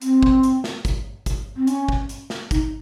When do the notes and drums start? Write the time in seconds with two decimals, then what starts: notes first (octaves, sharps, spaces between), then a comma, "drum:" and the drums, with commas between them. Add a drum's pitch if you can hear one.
0.02 C4, drum: hi-hat
0.23 drum: kick
0.43 drum: hi-hat
0.64 drum: snare
0.85 drum: kick, hi-hat
1.26 drum: kick, hi-hat
1.56 C4
1.67 C#4, drum: hi-hat
1.89 drum: kick
2.09 drum: hi-hat
2.30 drum: snare
2.51 D#4, drum: kick, hi-hat